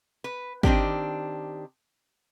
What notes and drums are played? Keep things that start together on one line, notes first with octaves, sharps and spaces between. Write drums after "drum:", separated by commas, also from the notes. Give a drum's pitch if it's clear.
B4
D#3 C4 D4 G4, drum: kick